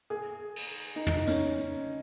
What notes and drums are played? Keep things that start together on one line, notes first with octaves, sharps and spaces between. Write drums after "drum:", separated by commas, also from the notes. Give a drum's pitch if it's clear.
G#4
drum: cymbal
D#4
D#4, drum: tom
D#4
C#4, drum: tambourine